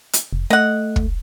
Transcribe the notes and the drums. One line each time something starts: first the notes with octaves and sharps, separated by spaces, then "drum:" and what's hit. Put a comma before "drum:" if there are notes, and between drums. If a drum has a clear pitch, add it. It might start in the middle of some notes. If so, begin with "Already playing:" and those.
drum: hi-hat
F1
A3 D#5 F#5
drum: kick